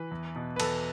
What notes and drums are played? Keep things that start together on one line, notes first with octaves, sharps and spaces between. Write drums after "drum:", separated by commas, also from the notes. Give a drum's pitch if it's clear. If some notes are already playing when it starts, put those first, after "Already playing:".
Already playing: E3 B4
E2
B2
B4
E2 A4, drum: cymbal